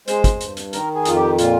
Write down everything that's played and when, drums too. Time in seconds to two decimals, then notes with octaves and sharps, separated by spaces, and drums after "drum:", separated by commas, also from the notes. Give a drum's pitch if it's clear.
0.08 G#3 C5, drum: hi-hat
0.24 drum: kick, hi-hat
0.41 G2, drum: hi-hat
0.57 drum: hi-hat
0.73 D#3 A#4, drum: hi-hat
0.95 G#4
1.05 F2 F4, drum: hi-hat
1.16 G4
1.39 A#2 F4, drum: hi-hat